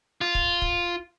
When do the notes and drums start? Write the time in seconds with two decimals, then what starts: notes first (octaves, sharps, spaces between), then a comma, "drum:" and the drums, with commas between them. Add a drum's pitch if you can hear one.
0.21 F4
0.35 drum: kick
0.62 drum: kick